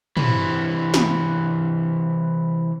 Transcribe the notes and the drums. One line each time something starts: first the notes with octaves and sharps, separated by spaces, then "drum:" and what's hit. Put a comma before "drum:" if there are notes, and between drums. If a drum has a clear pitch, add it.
C3 E3, drum: tom
drum: snare